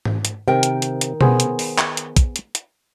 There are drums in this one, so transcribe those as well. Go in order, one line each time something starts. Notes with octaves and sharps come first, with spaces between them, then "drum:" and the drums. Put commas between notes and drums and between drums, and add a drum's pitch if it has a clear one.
drum: tom G#2
drum: hi-hat
C3 D#3 A#4 G5
drum: hi-hat
drum: hi-hat
drum: hi-hat
B3 G#4 C5, drum: tom B2
drum: hi-hat
drum: open hi-hat
drum: clap
drum: hi-hat
drum: kick, hi-hat
drum: hi-hat
drum: hi-hat